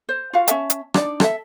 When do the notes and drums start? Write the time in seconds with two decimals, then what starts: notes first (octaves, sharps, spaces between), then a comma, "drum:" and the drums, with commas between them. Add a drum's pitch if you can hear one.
0.09 C5
0.33 F4 F#4 F5
0.48 C#4 A4 E5 A5, drum: hi-hat
0.70 drum: hi-hat
0.94 D4 D#4 D5, drum: rim click
1.20 A4 E5, drum: rim click